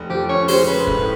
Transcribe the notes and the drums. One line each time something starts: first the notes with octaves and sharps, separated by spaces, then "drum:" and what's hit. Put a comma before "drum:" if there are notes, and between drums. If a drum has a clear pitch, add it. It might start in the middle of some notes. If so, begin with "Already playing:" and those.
Already playing: F1
F3 G4
C#4 C#5
G#3 C5, drum: open hi-hat
C#3 B4
A2, drum: kick